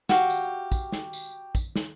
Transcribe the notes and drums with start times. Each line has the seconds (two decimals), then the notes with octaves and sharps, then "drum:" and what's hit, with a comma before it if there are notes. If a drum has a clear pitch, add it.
0.09 F#4 G4 F5, drum: snare
0.30 drum: tambourine
0.72 drum: kick, tambourine
0.92 drum: snare
1.13 drum: tambourine
1.55 drum: kick, tambourine
1.75 drum: snare